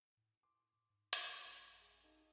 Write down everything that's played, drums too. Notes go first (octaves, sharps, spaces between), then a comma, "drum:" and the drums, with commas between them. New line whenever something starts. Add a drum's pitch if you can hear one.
A2
C6 D6
G#2
drum: hi-hat
A1 F#2
G#4
D#4 G4 A4 F5